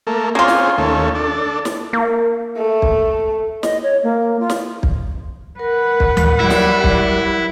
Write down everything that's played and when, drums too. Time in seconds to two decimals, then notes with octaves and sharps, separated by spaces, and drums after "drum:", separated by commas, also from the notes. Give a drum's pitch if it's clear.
0.07 A3 A#3
0.35 A#3 C4 C#4 F4 G#4
0.48 drum: snare
0.78 D#2 A3 C#4
1.15 D4 A4
1.65 drum: snare
1.93 A#3
2.57 A3
2.82 drum: kick
3.63 D#5, drum: snare
3.83 C#5
4.03 A#3
4.39 F4
4.50 drum: snare
4.83 drum: kick
5.59 A#4 B4 F#5
6.00 drum: kick
6.17 drum: tom D2
6.40 F#3 G3 E4
6.50 drum: snare
6.84 drum: kick